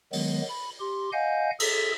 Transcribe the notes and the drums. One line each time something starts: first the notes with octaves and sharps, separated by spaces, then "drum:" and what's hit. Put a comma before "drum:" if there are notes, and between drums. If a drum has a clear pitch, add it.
D#3 F#3 G#3 B3, drum: open hi-hat
B5
G4 C6
D#5 F5 F#5 G#5 G6
G#4 A4, drum: cymbal